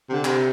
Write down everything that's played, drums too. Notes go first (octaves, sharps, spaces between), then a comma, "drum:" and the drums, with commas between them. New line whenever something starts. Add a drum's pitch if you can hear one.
C3
D3
C3, drum: clap